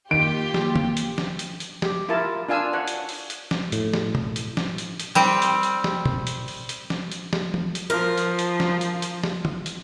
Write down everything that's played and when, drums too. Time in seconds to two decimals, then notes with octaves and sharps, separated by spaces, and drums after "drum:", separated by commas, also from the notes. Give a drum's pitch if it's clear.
0.11 D#3 A#3 F4 G4 D7
0.54 drum: snare
0.76 drum: tom
0.97 drum: hi-hat
1.18 drum: snare
1.39 drum: hi-hat
1.60 drum: hi-hat
1.82 G4, drum: snare
2.09 E4 F4 A#4 A5
2.49 D4 F4 F5 G#5 E6
2.73 C#5 F#5
2.88 drum: hi-hat
3.09 drum: open hi-hat
3.30 drum: hi-hat
3.51 drum: snare
3.72 A2, drum: hi-hat
3.94 drum: snare
4.15 drum: tom
4.36 drum: hi-hat
4.57 drum: snare
4.78 drum: hi-hat
5.00 drum: hi-hat
5.15 G3 C4 G5
5.42 drum: hi-hat
5.63 drum: hi-hat
5.84 drum: snare
6.06 drum: tom
6.27 drum: hi-hat
6.48 drum: open hi-hat
6.69 drum: hi-hat
6.90 drum: snare
7.12 drum: hi-hat
7.33 drum: snare
7.54 drum: tom
7.75 drum: hi-hat
7.90 F3 A#4
8.18 drum: hi-hat
8.39 drum: hi-hat
8.60 drum: snare
8.81 drum: hi-hat
9.02 drum: hi-hat
9.24 drum: snare
9.45 drum: tom
9.66 drum: hi-hat